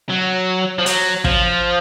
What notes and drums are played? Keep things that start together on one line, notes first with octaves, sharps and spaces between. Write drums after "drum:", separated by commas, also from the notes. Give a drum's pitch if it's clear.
F#3
F3
F#3, drum: hi-hat
F3, drum: kick